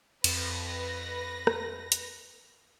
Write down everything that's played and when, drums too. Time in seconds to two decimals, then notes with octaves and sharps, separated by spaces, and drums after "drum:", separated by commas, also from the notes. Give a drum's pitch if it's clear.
0.24 F2 B4 A#6, drum: cymbal
1.47 drum: rim click
1.92 drum: hi-hat